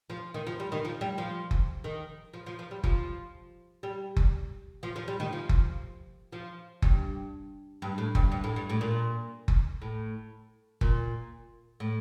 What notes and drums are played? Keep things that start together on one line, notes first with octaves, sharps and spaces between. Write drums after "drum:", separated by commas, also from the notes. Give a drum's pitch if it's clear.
F3
D#3
F3
G3
D#3
F3
G3
F3
drum: kick F#1
D#3
F3
F3
F3
G3
F3, drum: kick F#1
G3
drum: kick F#1
F3
F3
G3
D#3
F3
drum: kick F#1
F3
G2, drum: kick F#1
G2
A2
G2, drum: kick F#1
G2
A2
G2
A2
A#2
drum: kick F#1
A2
A#2, drum: kick F#1
A2